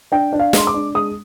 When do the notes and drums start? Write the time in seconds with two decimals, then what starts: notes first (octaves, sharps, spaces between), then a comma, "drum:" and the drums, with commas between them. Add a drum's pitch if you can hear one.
0.12 D4 G5
0.33 D4
0.39 F5
0.53 G#3 C6, drum: snare
0.67 D6
0.74 D4
0.95 G#3 D#6